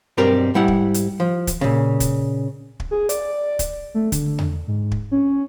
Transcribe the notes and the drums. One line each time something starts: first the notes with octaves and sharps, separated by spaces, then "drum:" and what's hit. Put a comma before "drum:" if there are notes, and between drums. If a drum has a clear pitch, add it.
B1 G2 G3 C4 G4 A#4
G#2 G3 E4 F#5
drum: kick
drum: hi-hat
F3
drum: kick, hi-hat
A#2 C#3
drum: kick, hi-hat
drum: kick
G#4
D5, drum: hi-hat
drum: kick, hi-hat
A3
D3, drum: kick, hi-hat
drum: tom E2
G#2
drum: kick
C#4